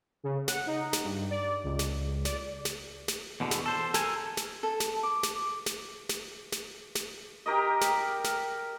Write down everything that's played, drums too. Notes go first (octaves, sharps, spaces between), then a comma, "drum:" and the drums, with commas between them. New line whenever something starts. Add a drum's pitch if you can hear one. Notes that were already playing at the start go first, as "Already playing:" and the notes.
C#3
F#5, drum: snare
D#4
drum: snare
G2
D5
C#2
drum: snare
D5, drum: snare
drum: snare
drum: snare
E2 B2 D3
drum: snare
A4 C5
A4 A#4 G#5, drum: snare
drum: snare
A4
drum: snare
D6
drum: snare
drum: snare
drum: snare
drum: snare
drum: snare
G4 A#4 D#5
drum: snare
drum: snare